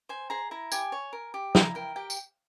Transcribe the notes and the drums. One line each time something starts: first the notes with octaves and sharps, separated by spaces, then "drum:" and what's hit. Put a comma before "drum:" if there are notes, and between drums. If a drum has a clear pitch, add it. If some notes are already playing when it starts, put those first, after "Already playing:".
C5 G#5
G#4 A#5
E4 A#5
G4 G#5, drum: tambourine
C#5
A#4
G4
E4 A#5, drum: snare
A#4 G5
G4 G5
drum: tambourine